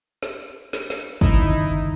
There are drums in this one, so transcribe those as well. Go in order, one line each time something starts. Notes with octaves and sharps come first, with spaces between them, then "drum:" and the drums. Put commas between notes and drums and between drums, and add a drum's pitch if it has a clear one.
drum: snare
drum: snare
drum: snare
D#4 E4, drum: kick
G1 C#2 D#3